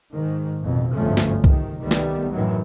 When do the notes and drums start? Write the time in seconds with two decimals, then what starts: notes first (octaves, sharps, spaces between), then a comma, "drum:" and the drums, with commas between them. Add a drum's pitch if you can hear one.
0.14 G#2 D#3
0.62 A1 F2 B2
0.93 G1 D2 G#2 F3 A3 C#4
1.17 drum: snare
1.44 C3 D#3, drum: kick C2
1.82 C2 D#3 G3 A3 B3
1.91 drum: snare
2.33 F#2 A2 D#3 E3 F#3